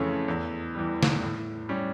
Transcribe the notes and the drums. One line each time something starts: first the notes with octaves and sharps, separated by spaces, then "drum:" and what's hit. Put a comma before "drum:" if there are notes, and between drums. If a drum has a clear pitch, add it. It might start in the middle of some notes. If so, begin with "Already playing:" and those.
Already playing: F2 C#3 E3 A3 C#4
E2
E3 G3
drum: snare
A2
G3 C#4